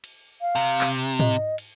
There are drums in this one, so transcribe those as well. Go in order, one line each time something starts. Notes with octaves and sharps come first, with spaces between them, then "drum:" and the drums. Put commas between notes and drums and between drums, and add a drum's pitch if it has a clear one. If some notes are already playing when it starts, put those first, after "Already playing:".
drum: cymbal
F5
C3
drum: clap
D#5, drum: tom
drum: cymbal